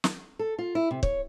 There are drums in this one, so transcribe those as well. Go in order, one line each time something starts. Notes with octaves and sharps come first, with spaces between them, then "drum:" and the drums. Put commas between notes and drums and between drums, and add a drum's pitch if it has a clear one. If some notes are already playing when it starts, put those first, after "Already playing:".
drum: snare
A4
F4
E4
C3
C#5, drum: kick